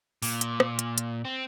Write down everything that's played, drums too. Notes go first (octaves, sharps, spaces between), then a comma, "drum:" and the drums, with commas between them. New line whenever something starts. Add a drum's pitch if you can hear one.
A#2, drum: open hi-hat
drum: hi-hat
drum: rim click
drum: hi-hat
drum: hi-hat
C4